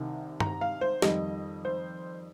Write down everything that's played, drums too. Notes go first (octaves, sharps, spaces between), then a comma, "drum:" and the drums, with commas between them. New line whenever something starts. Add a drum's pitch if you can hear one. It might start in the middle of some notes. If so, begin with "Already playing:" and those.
Already playing: C2 C3 D#3
A#5, drum: tom
F5
C5
F2 D#3 G3 D#5, drum: snare
C5